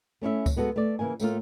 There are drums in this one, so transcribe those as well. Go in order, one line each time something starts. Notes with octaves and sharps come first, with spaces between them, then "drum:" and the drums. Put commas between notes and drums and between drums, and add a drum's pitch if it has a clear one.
A3 C#4 E4 E5
drum: kick C#2, tambourine
G#3 B3 F#4 A4
A3 D5
C#3 E3 A#3 G#5
A2 A3 A#3 F4, drum: tambourine